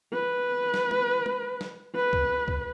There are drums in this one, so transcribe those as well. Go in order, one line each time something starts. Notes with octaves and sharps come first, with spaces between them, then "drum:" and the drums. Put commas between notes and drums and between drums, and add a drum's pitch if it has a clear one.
B4
drum: snare
drum: tom
drum: tom
drum: snare
B4
drum: kick C#2
drum: kick C#2